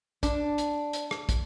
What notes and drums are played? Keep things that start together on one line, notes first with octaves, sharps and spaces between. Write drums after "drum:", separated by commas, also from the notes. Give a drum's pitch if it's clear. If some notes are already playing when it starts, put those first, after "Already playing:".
D4, drum: kick, hi-hat
drum: hi-hat
drum: hi-hat
drum: rim click
drum: kick, hi-hat